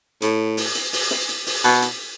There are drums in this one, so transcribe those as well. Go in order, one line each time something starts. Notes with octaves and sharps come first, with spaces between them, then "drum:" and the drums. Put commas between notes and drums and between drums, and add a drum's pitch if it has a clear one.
A2, drum: hi-hat
drum: open hi-hat
drum: hi-hat
drum: open hi-hat
drum: snare
drum: hi-hat
drum: open hi-hat
B2, drum: hi-hat
drum: hi-hat